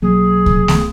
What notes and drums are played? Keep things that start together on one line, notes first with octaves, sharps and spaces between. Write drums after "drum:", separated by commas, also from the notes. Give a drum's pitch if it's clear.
B1 F#3 A#3 G#4
drum: kick C2
drum: snare A3